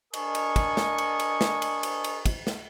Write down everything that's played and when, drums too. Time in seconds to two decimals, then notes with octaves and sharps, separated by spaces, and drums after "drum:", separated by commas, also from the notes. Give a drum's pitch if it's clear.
0.14 D4 A#4 D#5 G#5 C#6 D#6, drum: cymbal
0.35 drum: cymbal
0.56 drum: kick, cymbal
0.77 drum: snare
0.98 drum: cymbal
1.20 drum: cymbal
1.41 drum: snare
1.62 drum: cymbal
1.83 drum: cymbal
2.04 drum: cymbal
2.26 drum: kick, cymbal
2.47 drum: snare